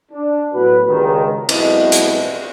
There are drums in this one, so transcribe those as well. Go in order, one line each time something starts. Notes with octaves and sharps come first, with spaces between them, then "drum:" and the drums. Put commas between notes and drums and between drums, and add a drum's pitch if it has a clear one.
D4
A2 F#3 B3 F#4 B4
C#2 G2 D#3
B1 B2 G#3 C4 E4 D#5, drum: cymbal
drum: hi-hat